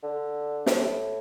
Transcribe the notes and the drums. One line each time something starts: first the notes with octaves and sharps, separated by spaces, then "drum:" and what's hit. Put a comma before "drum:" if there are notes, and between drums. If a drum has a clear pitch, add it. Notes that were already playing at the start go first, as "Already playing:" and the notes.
D3
A2, drum: snare